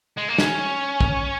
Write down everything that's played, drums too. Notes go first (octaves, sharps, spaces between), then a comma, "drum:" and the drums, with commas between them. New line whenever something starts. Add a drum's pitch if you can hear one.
G#3
A#3
C#4, drum: snare
drum: kick